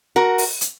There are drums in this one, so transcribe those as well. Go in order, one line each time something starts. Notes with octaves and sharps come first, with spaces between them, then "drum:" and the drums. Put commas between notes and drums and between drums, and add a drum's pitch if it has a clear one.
F#4 A#4
drum: open hi-hat
drum: hi-hat